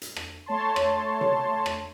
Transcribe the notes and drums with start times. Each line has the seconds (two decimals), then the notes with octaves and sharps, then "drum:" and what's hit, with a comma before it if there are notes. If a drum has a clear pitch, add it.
0.02 drum: hi-hat
0.16 drum: rim click
0.46 A3 C#5 A5 C6
0.76 drum: rim click
1.21 drum: tom C3
1.66 drum: rim click